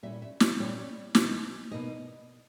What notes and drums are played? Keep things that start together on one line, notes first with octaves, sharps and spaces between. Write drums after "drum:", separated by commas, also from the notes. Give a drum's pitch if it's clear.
A#2 G3 C#4 E4 E5
E5
D#5, drum: snare
A#2 G3 C#4 E4 C#5
B2 A#3 D#4, drum: snare
B2 A#3 D#4 D#5